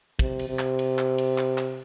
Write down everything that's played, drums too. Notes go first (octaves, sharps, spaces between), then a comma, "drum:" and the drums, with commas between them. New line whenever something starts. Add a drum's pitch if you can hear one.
C3, drum: kick
drum: cymbal
C3
drum: clap
drum: cymbal
drum: clap
drum: cymbal
drum: clap
drum: clap